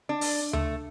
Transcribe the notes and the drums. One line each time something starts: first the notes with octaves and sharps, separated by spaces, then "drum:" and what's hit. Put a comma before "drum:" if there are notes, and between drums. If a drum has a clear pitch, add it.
D4
drum: open hi-hat
A3, drum: tom D2